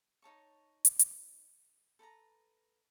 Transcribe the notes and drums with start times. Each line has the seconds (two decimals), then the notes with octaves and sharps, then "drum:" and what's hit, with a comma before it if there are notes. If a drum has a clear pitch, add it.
0.22 D#4 C#5 A5 C#6
0.85 drum: hi-hat
0.99 drum: hi-hat
1.99 A4 B4 A5 A#5